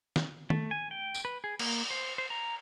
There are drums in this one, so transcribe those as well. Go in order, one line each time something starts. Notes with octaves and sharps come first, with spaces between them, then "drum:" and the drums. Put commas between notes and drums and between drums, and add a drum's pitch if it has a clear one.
drum: snare
A3, drum: tom
G#5
G5
drum: tambourine
B4
G#4
A#3, drum: cymbal
C5
C5
A#5